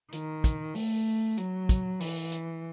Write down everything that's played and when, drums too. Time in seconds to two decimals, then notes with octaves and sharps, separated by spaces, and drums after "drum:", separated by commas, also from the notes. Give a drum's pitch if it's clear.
0.12 D#3, drum: hi-hat
0.44 drum: kick, hi-hat
0.75 A3, drum: open hi-hat
1.38 F#3, drum: hi-hat
1.69 drum: kick, hi-hat
2.00 E3, drum: open hi-hat
2.32 drum: hi-hat